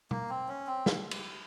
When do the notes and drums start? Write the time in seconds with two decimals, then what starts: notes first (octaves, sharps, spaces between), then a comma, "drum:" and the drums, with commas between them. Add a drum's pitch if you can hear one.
0.11 A#3, drum: tom
0.30 C4
0.48 C#4
0.67 C4
0.86 drum: snare
1.11 drum: cymbal